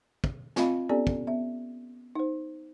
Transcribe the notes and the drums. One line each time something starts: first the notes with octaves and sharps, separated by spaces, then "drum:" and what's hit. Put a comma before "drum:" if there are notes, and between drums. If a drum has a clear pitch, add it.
drum: kick
C4 F4 D#5 F5 B5, drum: snare
B3 C#4 G4 A4 D5 G#5
drum: kick
B3 E5
D#4 C5